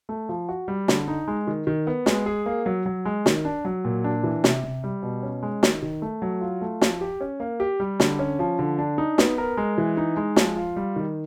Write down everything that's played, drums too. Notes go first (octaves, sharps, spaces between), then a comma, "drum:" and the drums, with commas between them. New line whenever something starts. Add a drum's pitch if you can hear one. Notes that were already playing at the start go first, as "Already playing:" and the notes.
A3
F3
F#4
G3
D3, drum: snare
D#4
G#3
D#3
D#3
B3
G#3, drum: snare
G#4
A#3
F#3
F#3
G#3
D#3, drum: snare
D4
F#3
A#2
D4
E3
C3, drum: snare
C3
G3
B2
C#4
G#3
D#3, drum: snare
D#3
A3
F#3
F4
A3
F3, drum: snare
G4
C#4
A#3
G4
G3
D3, drum: snare
C#4
F3
D3
D4
D#4
B3, drum: snare
A#4
G#3
E3
D#4
G#3
F3, drum: snare
F4
G3
D#3